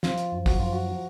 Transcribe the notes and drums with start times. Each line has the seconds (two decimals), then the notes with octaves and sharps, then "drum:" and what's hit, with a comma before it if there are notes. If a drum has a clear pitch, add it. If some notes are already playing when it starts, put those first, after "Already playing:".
0.03 F3 F4, drum: snare
0.18 drum: hi-hat
0.32 F#2
0.46 F#4, drum: kick, open hi-hat
0.59 F3 F4
0.72 F#4
0.90 F3